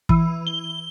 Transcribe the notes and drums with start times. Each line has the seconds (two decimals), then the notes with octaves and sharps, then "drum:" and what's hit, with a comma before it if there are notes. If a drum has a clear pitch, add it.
0.09 E3, drum: kick
0.47 G7